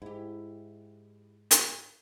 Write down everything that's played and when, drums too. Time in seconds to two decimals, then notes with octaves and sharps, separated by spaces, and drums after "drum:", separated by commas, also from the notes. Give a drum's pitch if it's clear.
0.02 G#2 E4 G4
1.51 drum: hi-hat